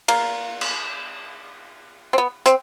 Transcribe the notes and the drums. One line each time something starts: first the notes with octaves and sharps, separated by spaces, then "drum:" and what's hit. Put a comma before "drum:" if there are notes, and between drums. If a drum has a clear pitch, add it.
A#3, drum: cymbal
drum: cymbal
C4
B3
C4, drum: hi-hat